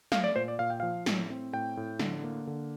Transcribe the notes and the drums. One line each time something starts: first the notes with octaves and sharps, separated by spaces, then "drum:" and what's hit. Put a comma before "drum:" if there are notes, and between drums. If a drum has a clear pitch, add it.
A3 F5, drum: snare
D5
A#2 C5
D5
A#2 F5
G5
F3 F5
A2, drum: snare
C4
A2 G5
A2
D3, drum: snare
A#3
D3